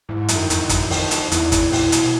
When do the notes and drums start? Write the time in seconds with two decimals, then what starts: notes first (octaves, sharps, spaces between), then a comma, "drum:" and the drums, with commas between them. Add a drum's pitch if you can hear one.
0.09 G#2 E3
0.28 F#2, drum: hi-hat
0.36 D#3
0.50 F2, drum: hi-hat
0.63 D3
0.69 F#2, drum: kick, hi-hat
0.90 F2 D#3, drum: open hi-hat
1.11 drum: hi-hat
1.32 E2 E3, drum: hi-hat
1.52 drum: kick, hi-hat
1.72 A#2 E3, drum: open hi-hat
1.92 B2, drum: hi-hat